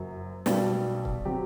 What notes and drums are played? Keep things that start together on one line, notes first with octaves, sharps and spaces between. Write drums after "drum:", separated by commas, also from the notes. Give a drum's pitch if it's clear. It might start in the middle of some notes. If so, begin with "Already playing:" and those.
Already playing: F#1 F#2 F#3
B1 B2 G3, drum: snare
drum: kick
F#3 C4 G4